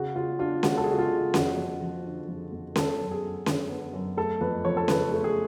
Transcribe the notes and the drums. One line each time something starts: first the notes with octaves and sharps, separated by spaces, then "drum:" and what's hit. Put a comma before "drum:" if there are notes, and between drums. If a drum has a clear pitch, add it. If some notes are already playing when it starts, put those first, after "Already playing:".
Already playing: C#3 F#4
C#3 F4
D4 F4
G#3 F#4, drum: snare C#4
A4
G#4
C#3 F#4
F4
C#3
F2 F#4, drum: snare C#4
F2
F3
D3
F2
F2
B3 A4, drum: snare C#4
F#2
G#4
F#3
D3, drum: snare C#4
B3
F#2
A3 A4
F2 B4
F3 C#5
A4
C#3 B4, drum: snare C#4
A3
G#4